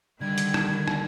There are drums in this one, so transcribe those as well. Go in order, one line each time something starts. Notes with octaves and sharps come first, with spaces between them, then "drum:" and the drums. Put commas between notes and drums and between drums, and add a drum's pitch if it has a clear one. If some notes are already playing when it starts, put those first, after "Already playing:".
D3 D#3 G3 G#6
drum: hi-hat
drum: rim click
drum: rim click